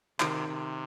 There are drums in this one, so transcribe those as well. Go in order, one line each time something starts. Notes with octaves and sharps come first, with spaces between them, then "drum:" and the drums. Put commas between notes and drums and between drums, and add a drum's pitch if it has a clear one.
C3 D#3, drum: clap
C3